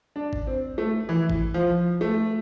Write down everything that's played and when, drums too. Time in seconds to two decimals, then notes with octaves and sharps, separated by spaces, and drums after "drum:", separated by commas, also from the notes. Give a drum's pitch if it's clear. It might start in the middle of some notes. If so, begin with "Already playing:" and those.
0.16 D4
0.33 drum: kick G1
0.47 C4
0.78 A3
1.09 E3
1.30 drum: kick G1
1.54 F3
2.01 A3